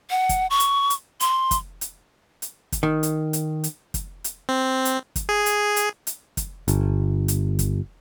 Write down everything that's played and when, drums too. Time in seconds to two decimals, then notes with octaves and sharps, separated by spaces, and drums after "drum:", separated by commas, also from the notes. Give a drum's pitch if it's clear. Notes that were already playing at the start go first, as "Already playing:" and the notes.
0.10 F#5
0.29 drum: kick, hi-hat
0.50 C#6
0.60 drum: hi-hat
0.90 drum: hi-hat
1.20 C6, drum: hi-hat
1.51 drum: kick, hi-hat
1.81 drum: hi-hat
2.42 drum: hi-hat
2.72 drum: kick, hi-hat
2.83 D#3
3.03 drum: hi-hat
3.33 drum: hi-hat
3.64 drum: hi-hat
3.94 drum: kick, hi-hat
4.24 drum: hi-hat
4.49 C4
4.85 drum: hi-hat
5.16 drum: kick, hi-hat
5.29 G#4
5.46 drum: hi-hat
5.76 drum: hi-hat
6.07 drum: hi-hat
6.37 drum: kick, hi-hat
6.68 G1, drum: hi-hat
7.28 drum: hi-hat
7.59 drum: kick, hi-hat